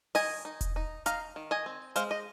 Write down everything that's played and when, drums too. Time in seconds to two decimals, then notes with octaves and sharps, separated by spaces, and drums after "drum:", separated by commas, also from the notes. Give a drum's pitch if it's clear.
0.15 D#3 D#5 G#5, drum: open hi-hat
0.45 D#4
0.61 drum: kick E1, hi-hat
0.76 D#4
1.06 D#4 F5 A#5, drum: hi-hat
1.36 D#3
1.51 D#5 G#5
1.66 C4
1.96 G#3 C5 F5, drum: hi-hat
2.11 D#5